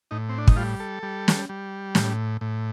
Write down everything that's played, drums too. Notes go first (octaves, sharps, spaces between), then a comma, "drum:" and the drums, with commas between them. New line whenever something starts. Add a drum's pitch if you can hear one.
A2 D#4
C4
D4
D#4, drum: kick
G3 F4
A4
G3
drum: snare
G3
A2, drum: snare
A2